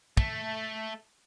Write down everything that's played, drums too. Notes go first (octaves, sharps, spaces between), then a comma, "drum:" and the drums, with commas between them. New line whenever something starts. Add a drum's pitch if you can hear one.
A3, drum: kick